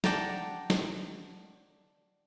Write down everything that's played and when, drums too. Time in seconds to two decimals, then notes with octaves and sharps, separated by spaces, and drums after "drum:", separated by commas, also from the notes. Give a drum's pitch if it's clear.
0.04 D5 F#5 G5 A5 A#5, drum: snare
0.70 drum: snare